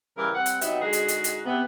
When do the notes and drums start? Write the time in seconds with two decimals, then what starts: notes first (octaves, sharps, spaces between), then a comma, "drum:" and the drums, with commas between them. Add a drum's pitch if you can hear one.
0.18 C#3 E3 G3 A#4
0.35 G3 C4 F#5
0.46 drum: hi-hat
0.61 C3 F#3 B3 D#4 E5, drum: hi-hat
0.81 D3 G#3 D#4 F#4 G#4
0.93 drum: hi-hat
1.08 drum: hi-hat
1.24 drum: hi-hat
1.45 C3 B3